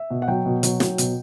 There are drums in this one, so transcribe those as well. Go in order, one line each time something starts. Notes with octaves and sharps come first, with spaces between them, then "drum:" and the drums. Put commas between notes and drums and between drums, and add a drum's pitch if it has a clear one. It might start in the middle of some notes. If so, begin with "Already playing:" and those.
Already playing: E5
B2
F#5
F#3 G5
B2
F#3, drum: hi-hat
F#3, drum: snare
B2, drum: hi-hat